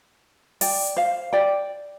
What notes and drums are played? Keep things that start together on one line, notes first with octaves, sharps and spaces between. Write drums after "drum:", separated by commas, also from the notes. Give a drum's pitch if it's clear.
D5 G5, drum: open hi-hat
C5 F5
D5 G5